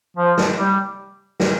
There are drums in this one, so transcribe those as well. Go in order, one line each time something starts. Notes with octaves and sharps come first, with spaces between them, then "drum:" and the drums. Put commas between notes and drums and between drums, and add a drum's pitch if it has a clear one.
F3
drum: snare
G3
drum: snare